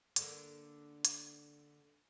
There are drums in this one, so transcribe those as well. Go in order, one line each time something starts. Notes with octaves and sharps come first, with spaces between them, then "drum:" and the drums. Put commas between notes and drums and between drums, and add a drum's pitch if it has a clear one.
D3 A#3, drum: hi-hat
drum: hi-hat